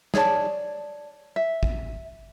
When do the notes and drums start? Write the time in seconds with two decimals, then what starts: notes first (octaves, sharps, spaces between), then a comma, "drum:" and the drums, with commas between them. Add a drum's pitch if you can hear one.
0.14 G#4 C#5 D5 A5, drum: snare
1.36 E5
1.63 drum: kick